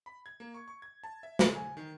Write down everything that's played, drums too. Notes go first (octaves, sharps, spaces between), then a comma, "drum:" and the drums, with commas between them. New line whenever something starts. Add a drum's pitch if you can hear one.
B5
G#6
A#3
C#6
C#6
G#6
A5
E5
B1, drum: snare
G#5
D#3